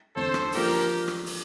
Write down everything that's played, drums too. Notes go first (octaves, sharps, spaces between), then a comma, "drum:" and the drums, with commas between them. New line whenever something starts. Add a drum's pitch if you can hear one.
E2 D3 A3 C4 A4 C5
drum: rim click
F3 A#3 D4 F4 G4 A4 A#4, drum: open hi-hat
drum: rim click
drum: open hi-hat